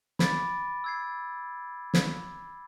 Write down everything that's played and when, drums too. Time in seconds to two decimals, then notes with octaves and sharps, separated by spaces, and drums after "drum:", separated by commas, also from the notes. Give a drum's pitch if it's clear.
0.19 B5 D6 A6 D7, drum: snare
0.84 E6 G#6 C7
1.94 drum: snare